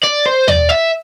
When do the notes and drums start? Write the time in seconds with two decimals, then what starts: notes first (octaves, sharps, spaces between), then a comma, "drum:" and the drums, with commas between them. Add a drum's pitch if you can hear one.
0.04 D5
0.26 C5
0.48 D5, drum: tom
0.69 E5